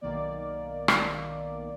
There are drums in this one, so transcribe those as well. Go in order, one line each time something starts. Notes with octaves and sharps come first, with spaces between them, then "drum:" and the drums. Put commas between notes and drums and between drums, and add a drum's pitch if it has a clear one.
B1 D#3 A#3 D5
drum: rim click